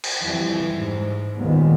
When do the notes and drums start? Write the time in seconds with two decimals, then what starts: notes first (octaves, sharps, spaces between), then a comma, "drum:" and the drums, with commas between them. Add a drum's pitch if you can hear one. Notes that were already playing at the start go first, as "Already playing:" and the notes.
0.04 drum: cymbal
0.22 F2 E3 G3
0.73 G#2
1.37 D#2 A#2 D#3 G3 G#3 B3